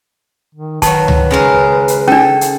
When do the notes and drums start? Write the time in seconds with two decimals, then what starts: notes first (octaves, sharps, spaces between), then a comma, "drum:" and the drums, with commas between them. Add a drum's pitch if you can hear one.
0.55 D#3
0.82 D#3 F#3 B4 A5, drum: kick, hi-hat
1.08 drum: tom C#2
1.31 C#3 G#3 A#4
1.88 drum: hi-hat
2.08 C#4 D4 A4
2.41 drum: hi-hat